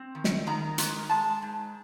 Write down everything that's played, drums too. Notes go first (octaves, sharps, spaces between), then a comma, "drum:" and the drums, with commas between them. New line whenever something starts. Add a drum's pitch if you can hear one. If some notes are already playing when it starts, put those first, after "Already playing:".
Already playing: C4
D#3
drum: snare
D#3 A#5
G#3, drum: hi-hat
G#3 A5
G#2